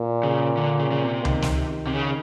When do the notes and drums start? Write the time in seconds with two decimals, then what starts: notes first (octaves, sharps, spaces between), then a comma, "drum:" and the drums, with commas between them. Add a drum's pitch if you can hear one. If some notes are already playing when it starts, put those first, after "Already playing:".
Already playing: A#2
0.23 C#3
0.57 D3
0.80 C#3
0.91 C#3
1.03 C3
1.25 D#3, drum: tom C#2
1.42 drum: snare
1.87 C3
1.94 C#3